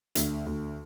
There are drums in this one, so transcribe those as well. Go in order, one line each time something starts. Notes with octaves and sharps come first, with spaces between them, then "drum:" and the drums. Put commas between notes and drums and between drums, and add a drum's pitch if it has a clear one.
D2, drum: hi-hat
D2